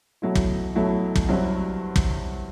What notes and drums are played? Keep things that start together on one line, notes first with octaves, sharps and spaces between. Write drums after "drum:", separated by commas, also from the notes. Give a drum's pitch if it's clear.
B2 F#3 A3 E4
drum: kick
B2 F#3 A3 E4
drum: kick
G2 F#3 C4 E4
drum: kick